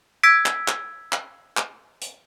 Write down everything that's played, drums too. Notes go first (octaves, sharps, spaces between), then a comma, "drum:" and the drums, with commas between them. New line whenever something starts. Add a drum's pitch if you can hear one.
E6 G#6 B6 D7
drum: clap
drum: clap
drum: clap
drum: clap
drum: hi-hat